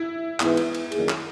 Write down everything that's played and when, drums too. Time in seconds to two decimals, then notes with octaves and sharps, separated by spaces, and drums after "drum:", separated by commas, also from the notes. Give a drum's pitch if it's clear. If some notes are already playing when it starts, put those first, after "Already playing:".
Already playing: E4
0.40 G#2 E3 G#3 B3 E4, drum: clap
0.57 drum: cymbal
0.75 drum: cymbal
0.92 F#2 D#3 A#3 E4 G#4, drum: cymbal
1.09 drum: clap